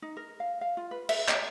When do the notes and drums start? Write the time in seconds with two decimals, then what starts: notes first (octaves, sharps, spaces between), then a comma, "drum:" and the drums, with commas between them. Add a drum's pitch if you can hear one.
0.02 D#4
0.17 A#4
0.40 F5
0.61 F5
0.77 F4
0.91 B4
1.09 E5, drum: cymbal
1.28 D#5, drum: clap